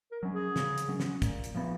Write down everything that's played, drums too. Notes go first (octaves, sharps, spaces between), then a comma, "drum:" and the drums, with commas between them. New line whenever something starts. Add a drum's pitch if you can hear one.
A#4
F#3 C#4
G#4
C#3, drum: snare
drum: hi-hat
F#3 C#4
drum: snare
A#2, drum: kick, hi-hat
drum: hi-hat
F3 B3